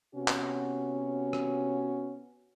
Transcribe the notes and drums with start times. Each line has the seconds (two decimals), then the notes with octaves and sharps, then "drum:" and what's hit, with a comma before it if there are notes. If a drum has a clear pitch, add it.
0.15 C3 B3 C#4 F#4
0.28 drum: clap
1.33 drum: rim click